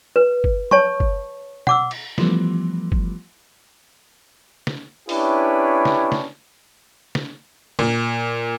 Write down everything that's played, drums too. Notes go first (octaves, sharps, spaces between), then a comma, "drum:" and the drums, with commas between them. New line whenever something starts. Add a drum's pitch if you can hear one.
B4
drum: kick
C#5 A5 C#6, drum: tom
drum: kick
F#5 D6 E6, drum: tom B2
drum: cymbal
E3 F3 G3 A3 B3, drum: snare
drum: kick
drum: snare
C#4 D4 E4 G4 B4 C#5, drum: open hi-hat
drum: snare
drum: snare
drum: snare
A#2, drum: snare